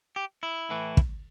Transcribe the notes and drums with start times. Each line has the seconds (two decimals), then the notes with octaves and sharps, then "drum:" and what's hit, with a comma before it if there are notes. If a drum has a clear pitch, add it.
0.16 G4
0.43 E4
0.70 A2 E3
0.97 drum: kick